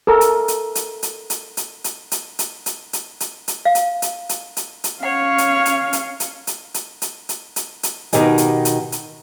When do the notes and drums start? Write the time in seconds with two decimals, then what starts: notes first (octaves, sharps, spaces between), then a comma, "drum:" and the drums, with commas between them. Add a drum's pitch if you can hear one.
0.07 A4 A#4
0.21 drum: hi-hat
0.48 drum: hi-hat
0.75 drum: hi-hat
1.03 drum: hi-hat
1.30 drum: hi-hat
1.57 drum: hi-hat
1.84 drum: hi-hat
2.11 drum: hi-hat
2.39 drum: hi-hat
2.66 drum: hi-hat
2.93 drum: hi-hat
3.20 drum: hi-hat
3.48 drum: hi-hat
3.65 F5
3.75 drum: hi-hat
4.02 drum: hi-hat
4.29 drum: hi-hat
4.57 drum: hi-hat
4.84 drum: hi-hat
5.03 C#4 C#5 F5 F#5
5.38 drum: hi-hat
5.65 drum: hi-hat
5.93 drum: hi-hat
6.20 drum: hi-hat
6.47 drum: hi-hat
6.74 drum: hi-hat
7.02 drum: hi-hat
7.29 drum: hi-hat
7.56 drum: hi-hat
7.83 drum: hi-hat
8.13 B2 D#3 G4 D#5 G#5, drum: hi-hat
8.38 drum: hi-hat
8.65 drum: hi-hat
8.92 drum: hi-hat